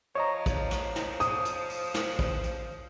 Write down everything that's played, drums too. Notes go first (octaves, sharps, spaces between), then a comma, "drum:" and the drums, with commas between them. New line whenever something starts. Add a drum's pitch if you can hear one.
F3 C#5 D#5 A#5
drum: kick, hi-hat
drum: snare
drum: snare
D#6, drum: hi-hat
drum: hi-hat
drum: open hi-hat
drum: snare
drum: kick
drum: hi-hat